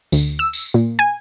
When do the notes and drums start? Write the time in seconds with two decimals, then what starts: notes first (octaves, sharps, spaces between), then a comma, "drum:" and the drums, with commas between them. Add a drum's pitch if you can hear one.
0.12 D2, drum: tambourine
0.39 E6
0.53 drum: tambourine
0.74 A#2
0.99 G#5